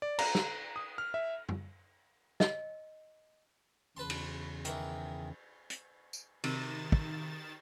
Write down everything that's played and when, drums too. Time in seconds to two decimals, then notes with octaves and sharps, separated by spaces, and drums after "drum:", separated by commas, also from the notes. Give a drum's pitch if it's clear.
0.02 D5
0.19 A#5, drum: cymbal
0.35 drum: snare
0.76 D#6
0.98 F6
1.14 E5
1.49 drum: tom F#2
2.40 D#5, drum: snare
3.97 E2 C#3 B4 A5 C6
4.10 drum: cymbal
4.65 D#3 E3, drum: hi-hat
5.70 drum: hi-hat
6.13 drum: tambourine
6.44 C3 D#3 A6 E7, drum: cymbal
6.92 drum: kick